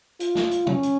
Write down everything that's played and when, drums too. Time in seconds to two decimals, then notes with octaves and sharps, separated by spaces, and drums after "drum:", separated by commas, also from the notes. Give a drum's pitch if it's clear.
0.20 F4, drum: hi-hat
0.35 drum: snare
0.51 drum: hi-hat
0.67 C#4, drum: tom
0.83 drum: hi-hat